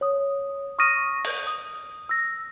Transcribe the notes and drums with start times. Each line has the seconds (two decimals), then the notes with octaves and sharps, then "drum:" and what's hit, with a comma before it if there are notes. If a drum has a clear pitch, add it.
0.01 C#5 D#6
0.79 C#6 D#6 F6 A#6 D#7
1.25 drum: open hi-hat
1.47 D#6
2.09 E6 A#6